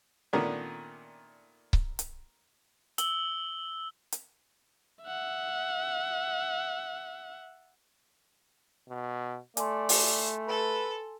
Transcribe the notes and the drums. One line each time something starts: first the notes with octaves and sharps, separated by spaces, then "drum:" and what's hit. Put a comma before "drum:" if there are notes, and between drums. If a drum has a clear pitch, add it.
A#2 D#3 A3 B3 C#4 D4
drum: kick C#1
drum: hi-hat
E6 F#7 G7, drum: hi-hat
drum: hi-hat
E5 F#5
B2
A3 D5 G#5 C6, drum: hi-hat
drum: open hi-hat
A4 B4